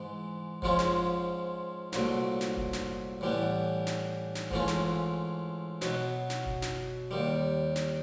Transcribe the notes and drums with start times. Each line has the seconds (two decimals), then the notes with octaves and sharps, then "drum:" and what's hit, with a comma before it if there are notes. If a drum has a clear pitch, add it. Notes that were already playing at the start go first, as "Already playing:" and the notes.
Already playing: G#2 E3 G#3
0.62 G#2 F3 G#3 C#4 F4, drum: kick F#1
0.79 drum: snare
1.92 C2 A#2 F#3 A3, drum: snare
2.41 drum: snare
2.57 drum: kick F#1
2.73 drum: snare
3.21 A2 E3 G3 B3
3.87 drum: snare
4.35 drum: snare
4.51 G#2 E3 A3 C#4 F4, drum: kick F#1
4.68 drum: snare
5.81 B2 F#3 B3, drum: snare
6.30 drum: snare
6.46 drum: kick F#1
6.62 drum: snare
7.11 D#2 D#3 G3
7.76 drum: snare